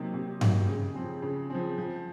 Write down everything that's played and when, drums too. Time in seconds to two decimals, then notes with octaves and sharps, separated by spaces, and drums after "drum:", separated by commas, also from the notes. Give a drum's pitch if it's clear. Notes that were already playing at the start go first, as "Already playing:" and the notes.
Already playing: C3 F#3 A#3 D#4
0.14 C3
0.41 F#3 A#3 D#4, drum: tom G2
0.69 C#3
0.95 F3 C4
1.22 C#3
1.50 F3 C4
1.78 F3